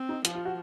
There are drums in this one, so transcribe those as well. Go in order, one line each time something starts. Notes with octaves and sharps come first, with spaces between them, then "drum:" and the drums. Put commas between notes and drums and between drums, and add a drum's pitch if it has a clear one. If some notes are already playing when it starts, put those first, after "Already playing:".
Already playing: C4
D#4
F3 F4, drum: hi-hat
F4
F#4